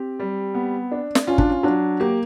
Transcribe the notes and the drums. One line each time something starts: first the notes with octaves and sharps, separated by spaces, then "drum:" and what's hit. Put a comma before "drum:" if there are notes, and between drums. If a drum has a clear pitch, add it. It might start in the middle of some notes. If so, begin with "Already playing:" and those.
Already playing: C4 G4
G3
B3
D4
drum: snare
C#4 F4
D4, drum: kick
C#4
F#3 D4
A#3 G4